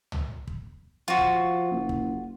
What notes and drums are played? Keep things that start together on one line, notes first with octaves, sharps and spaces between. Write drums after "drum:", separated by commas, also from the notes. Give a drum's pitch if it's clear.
drum: tom
drum: kick
F3 F4 F#4
drum: kick
F#1
drum: kick